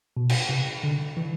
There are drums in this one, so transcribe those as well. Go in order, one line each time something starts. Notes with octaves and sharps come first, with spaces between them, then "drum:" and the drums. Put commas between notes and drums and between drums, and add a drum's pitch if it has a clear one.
B2
drum: cymbal
C3
D3
E3